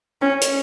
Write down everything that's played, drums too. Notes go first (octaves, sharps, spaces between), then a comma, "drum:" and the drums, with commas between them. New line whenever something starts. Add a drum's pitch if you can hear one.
C#4
drum: hi-hat